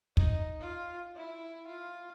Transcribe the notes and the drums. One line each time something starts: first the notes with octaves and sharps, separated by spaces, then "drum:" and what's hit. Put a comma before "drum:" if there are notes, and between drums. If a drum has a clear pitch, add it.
D#4, drum: kick
F4
E4
F4